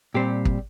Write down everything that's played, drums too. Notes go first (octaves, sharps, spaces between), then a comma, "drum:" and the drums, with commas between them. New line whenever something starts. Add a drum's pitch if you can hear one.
A#2 G3 C4 G4 C5
drum: kick